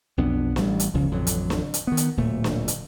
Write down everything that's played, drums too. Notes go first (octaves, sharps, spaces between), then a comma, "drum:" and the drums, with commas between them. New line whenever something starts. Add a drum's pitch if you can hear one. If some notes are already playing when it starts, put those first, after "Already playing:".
B1 F2 B3 D4
A1 G3, drum: snare
drum: hi-hat
E1 C#2 C#3 F3
A1 F2 D3 F#3
drum: hi-hat
drum: snare
drum: hi-hat
D#3 B3
drum: hi-hat
D1 A#2 A3
drum: snare
drum: hi-hat